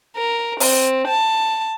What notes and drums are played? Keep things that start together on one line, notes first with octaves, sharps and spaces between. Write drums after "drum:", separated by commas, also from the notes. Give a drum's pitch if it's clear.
A#4
C4, drum: open hi-hat
A5